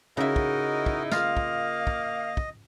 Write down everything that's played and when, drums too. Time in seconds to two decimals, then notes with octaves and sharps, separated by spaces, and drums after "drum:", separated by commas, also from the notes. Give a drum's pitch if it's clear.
0.17 C#3 D#4 E4 F#4 A#4 D#5 E5
0.36 drum: kick
0.86 drum: kick
1.11 A#3 F4 D#5 F5, drum: snare
1.37 drum: kick
1.87 drum: kick
2.37 drum: kick